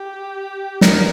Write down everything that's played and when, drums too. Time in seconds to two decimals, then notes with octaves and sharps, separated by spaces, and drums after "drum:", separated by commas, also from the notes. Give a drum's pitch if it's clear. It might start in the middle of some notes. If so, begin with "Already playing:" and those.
Already playing: G4
0.81 A#4, drum: snare